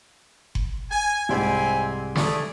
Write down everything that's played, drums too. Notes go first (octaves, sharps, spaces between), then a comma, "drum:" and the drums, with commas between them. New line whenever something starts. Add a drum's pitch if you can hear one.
drum: kick F#1
G#5
C2 G#2 C4 E4 G#5
A3 G#4 D5, drum: snare